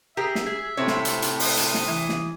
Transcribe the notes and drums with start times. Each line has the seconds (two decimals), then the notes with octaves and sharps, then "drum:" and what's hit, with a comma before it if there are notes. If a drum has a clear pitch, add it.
0.17 G4 G#4 A#4 E5
0.35 drum: snare
0.46 G#4
0.77 A2 C3 C4 C#5
0.87 drum: snare
1.05 drum: hi-hat
1.22 drum: hi-hat
1.40 D#6, drum: open hi-hat
1.57 drum: hi-hat
1.74 drum: snare
1.88 E3
2.09 drum: snare